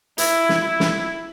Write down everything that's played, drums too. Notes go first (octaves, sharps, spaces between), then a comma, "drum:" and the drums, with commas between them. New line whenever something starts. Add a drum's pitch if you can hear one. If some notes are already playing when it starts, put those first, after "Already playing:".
E4, drum: hi-hat
drum: snare
E4
drum: snare